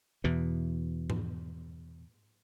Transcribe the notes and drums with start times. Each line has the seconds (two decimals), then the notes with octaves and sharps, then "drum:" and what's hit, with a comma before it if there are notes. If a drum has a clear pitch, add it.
0.24 E2 B2 E3
1.10 drum: tom G#2